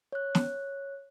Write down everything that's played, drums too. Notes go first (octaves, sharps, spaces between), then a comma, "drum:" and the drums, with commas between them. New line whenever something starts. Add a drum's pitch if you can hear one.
C#5 F#6
drum: snare